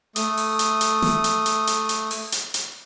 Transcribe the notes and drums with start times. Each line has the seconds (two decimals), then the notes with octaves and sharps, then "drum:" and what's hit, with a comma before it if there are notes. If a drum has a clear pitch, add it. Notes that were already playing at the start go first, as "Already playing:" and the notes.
0.16 A3 D#6, drum: hi-hat
0.37 drum: open hi-hat
0.59 drum: hi-hat
0.81 drum: hi-hat
1.02 drum: snare
1.24 drum: hi-hat
1.46 drum: hi-hat
1.67 drum: hi-hat
1.89 drum: hi-hat
2.11 drum: open hi-hat
2.32 drum: hi-hat
2.54 drum: hi-hat